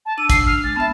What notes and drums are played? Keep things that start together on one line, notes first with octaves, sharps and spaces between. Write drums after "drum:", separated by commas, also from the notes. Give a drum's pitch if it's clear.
A5
D4 E6 D#7
C7, drum: kick, hi-hat
F6
G#3 A6
B3 E5 A5